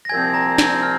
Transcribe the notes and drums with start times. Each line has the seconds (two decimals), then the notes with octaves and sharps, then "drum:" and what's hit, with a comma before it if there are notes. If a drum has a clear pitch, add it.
0.05 A#6
0.09 C2 A#2 F3 C4 G#5 G#6
0.34 A#5 A#6
0.58 G#5 G#6, drum: snare
0.83 F6